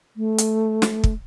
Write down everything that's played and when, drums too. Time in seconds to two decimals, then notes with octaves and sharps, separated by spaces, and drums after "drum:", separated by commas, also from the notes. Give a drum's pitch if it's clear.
0.17 A3
0.38 drum: hi-hat
0.82 drum: snare
1.04 drum: kick